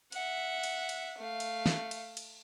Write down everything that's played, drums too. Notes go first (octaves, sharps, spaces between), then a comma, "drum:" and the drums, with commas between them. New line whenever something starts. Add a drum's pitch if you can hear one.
E5 F#5, drum: cymbal
drum: cymbal
drum: cymbal
A3 F5
drum: cymbal
drum: snare
drum: cymbal
drum: cymbal